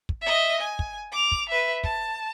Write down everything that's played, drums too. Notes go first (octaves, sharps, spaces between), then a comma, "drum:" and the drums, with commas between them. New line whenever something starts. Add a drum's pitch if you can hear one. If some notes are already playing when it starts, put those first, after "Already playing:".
drum: kick
D#5 E5
G#5
drum: kick
D6 F7
drum: kick
B4 E5
A5, drum: kick